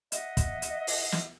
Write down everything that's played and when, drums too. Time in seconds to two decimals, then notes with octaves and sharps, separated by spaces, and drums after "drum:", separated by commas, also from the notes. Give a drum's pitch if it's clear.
0.12 D#5 E5 F#5, drum: hi-hat
0.37 drum: kick, hi-hat
0.62 drum: hi-hat
0.87 drum: open hi-hat
1.12 drum: snare